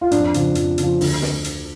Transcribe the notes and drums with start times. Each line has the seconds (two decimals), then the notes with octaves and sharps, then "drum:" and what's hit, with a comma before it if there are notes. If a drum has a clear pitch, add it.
0.01 F4
0.11 F2 D4, drum: hi-hat
0.34 C#3 F3, drum: hi-hat
0.55 F2, drum: hi-hat
0.78 C#3 F3, drum: hi-hat
1.01 D2, drum: open hi-hat
1.22 drum: snare
1.44 drum: hi-hat